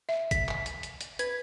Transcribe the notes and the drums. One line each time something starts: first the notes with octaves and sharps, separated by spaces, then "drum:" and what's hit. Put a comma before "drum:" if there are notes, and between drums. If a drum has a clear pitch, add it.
E5
B6, drum: kick, hi-hat
drum: clap
drum: hi-hat
drum: hi-hat
drum: hi-hat
B4 G#6, drum: hi-hat